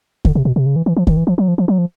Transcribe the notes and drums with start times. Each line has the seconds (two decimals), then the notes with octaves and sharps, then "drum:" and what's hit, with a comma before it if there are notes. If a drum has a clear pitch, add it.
0.25 D3, drum: kick
0.35 C3
0.45 B2
0.56 C3
0.66 C#3
0.76 E3
0.86 E3
0.97 F3
1.07 D#3, drum: kick
1.17 E3
1.27 F3
1.38 F#3
1.48 F3
1.58 F3
1.68 F#3
1.78 F3